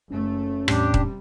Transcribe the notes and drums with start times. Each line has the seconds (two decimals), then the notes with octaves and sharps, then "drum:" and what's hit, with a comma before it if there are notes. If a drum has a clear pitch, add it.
0.11 F#1 A3 C#4
0.68 E2 A2 C3 G3 D4 G4, drum: rim click
0.94 drum: kick D#1